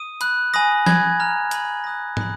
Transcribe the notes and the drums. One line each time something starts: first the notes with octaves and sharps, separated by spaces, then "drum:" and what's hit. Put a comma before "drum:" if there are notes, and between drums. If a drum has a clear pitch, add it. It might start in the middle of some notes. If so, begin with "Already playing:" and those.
Already playing: D#6 D#7
B5 F#6, drum: hi-hat
G#5 B5 D#6 A#6
G#5 B5 F#6 G#6, drum: snare
A#5 F6
G#5 B5 F6, drum: hi-hat
G#5 D#6 F#6 A#6
B5 D#6 F#6, drum: tom